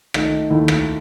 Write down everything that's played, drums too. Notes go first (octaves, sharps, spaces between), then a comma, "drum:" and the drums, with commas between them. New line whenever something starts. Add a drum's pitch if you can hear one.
D#3 A3 D#4, drum: rim click
D#2 D#3 A3 E4
drum: rim click